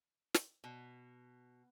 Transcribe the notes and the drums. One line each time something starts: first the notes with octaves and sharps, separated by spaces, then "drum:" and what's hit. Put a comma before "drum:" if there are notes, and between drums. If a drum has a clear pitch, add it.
drum: snare
B2